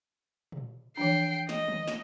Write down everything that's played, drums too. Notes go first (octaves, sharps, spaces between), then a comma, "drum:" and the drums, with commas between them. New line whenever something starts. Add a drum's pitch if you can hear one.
drum: tom
E3 F3 D4 G5 C7
D#5, drum: snare
drum: tom
drum: snare